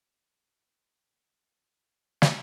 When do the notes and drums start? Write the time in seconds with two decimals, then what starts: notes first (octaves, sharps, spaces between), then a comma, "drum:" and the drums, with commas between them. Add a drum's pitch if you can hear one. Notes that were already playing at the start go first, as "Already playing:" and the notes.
Already playing: A3 D4 G4 G5
0.40 B3 E4 G4 G5
1.13 G3 D4 G4
1.85 B3 E4 G4 C6
2.22 drum: snare